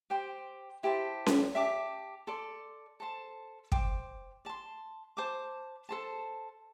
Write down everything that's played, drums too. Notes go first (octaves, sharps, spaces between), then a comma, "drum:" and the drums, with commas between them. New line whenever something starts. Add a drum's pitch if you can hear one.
G4 C5 G5 C6
E4 G4 C5 A5
drum: snare C#4
G4 E5 A5 D6
A4 D5 C6
A4 C5 A5
C5 G5 D6, drum: kick
D5 A5 C6
C5 A5 D6
A4 C5 A5